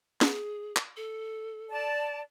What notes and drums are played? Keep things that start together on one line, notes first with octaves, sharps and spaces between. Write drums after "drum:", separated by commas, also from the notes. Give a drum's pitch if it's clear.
G#4, drum: snare
drum: clap
A4
D5 A5